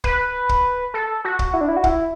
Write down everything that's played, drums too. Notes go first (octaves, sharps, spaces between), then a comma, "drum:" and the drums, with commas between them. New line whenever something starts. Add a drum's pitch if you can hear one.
B4, drum: kick
drum: kick
A4
F#4
drum: kick
E4
D4
E4
F#4
E4, drum: kick